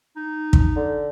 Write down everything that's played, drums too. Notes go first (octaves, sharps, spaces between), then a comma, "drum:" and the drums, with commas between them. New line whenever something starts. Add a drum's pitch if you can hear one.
D#4
drum: kick
D3